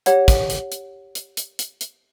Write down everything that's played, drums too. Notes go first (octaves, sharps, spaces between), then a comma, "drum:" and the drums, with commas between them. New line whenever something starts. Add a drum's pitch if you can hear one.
G4 C#5 F#5, drum: hi-hat
drum: kick, hi-hat
drum: hi-hat
drum: hi-hat
drum: hi-hat
drum: hi-hat
drum: hi-hat
drum: hi-hat